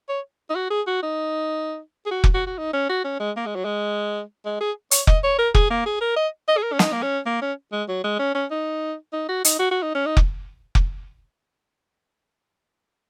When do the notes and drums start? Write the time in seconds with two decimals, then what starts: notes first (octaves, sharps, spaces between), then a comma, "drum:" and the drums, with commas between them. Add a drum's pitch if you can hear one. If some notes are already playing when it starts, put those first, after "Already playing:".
0.09 C#5
0.50 D#4
0.55 F#4
0.70 G#4
0.87 F#4
1.02 D#4
2.06 G#4
2.11 F#4
2.24 drum: kick F1
2.34 F#4
2.46 F#4
2.58 D#4
2.73 C#4
2.89 F#4
3.04 C#4
3.20 G#3
3.36 A#3
3.46 G#3
3.55 F#3
3.65 G#3
4.45 G#3
4.61 G#4
4.91 C#5, drum: hi-hat
5.07 D#5, drum: kick F1
5.23 C#5
5.38 A#4
5.55 G#4, drum: kick F1
5.70 A#3
5.86 G#4
6.01 A#4
6.17 D#5
6.48 D#5
6.57 G#4
6.63 A#4
6.72 C#4
6.79 D#4, drum: snare
6.92 A#3
7.03 C#4
7.26 A#3
7.41 C#4
7.72 G#3
7.88 F#3
8.04 G#3
8.19 C#4
8.35 C#4
8.51 D#4
9.13 D#4
9.29 F#4
9.44 D#4, drum: hi-hat
9.59 F#4
9.71 F#4
9.83 D#4
9.95 C#4
10.06 D#4
10.17 drum: kick F1
10.75 drum: kick F1